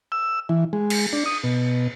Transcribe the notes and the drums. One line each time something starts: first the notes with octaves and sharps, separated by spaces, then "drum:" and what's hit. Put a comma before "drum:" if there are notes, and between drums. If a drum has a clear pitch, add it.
E6
E3
G#3
drum: cymbal
D4
D#6
B2